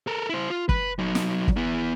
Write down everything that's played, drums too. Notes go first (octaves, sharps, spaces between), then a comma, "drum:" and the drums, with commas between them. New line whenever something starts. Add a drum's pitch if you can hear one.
A4 A#4
E4 C5
F4
B4, drum: kick
F#3 D#4
drum: snare
drum: kick
B3 E4